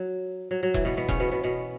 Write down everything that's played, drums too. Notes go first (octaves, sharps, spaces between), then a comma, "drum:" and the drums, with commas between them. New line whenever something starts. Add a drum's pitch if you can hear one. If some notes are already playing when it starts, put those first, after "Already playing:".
Already playing: F#3
F#3
F#3
E3, drum: kick E1
B2 B3
B2 B3
C#3 C#4, drum: kick E1
B2 B3
B2 B3
B2 B3